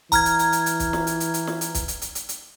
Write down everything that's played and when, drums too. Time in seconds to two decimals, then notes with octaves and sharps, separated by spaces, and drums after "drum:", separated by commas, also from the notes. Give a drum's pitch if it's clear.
0.12 E3 A#5 F6 G#6, drum: kick, hi-hat
0.25 drum: hi-hat
0.39 drum: hi-hat
0.52 drum: hi-hat
0.66 drum: hi-hat
0.80 drum: kick, hi-hat
0.93 drum: snare
1.07 drum: hi-hat
1.20 drum: hi-hat
1.34 drum: hi-hat
1.47 drum: snare
1.61 drum: hi-hat
1.75 drum: kick, hi-hat
1.88 drum: hi-hat
2.02 drum: hi-hat
2.15 drum: hi-hat
2.29 drum: hi-hat